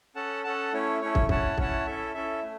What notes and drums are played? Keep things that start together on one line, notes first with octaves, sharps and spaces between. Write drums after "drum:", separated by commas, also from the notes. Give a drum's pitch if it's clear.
C#4 A4 F#5 A5
C#4 A4 F#5 A5
A3 C#4 E4 C#5
A3 C#4 E4 C#5
drum: kick
C#4 E4 C#5 F#5 A5, drum: kick
C#4 E4 C#5 F#5 A5, drum: kick
C#4 E4 A4 E5
C#4 E4 A4 E5
A3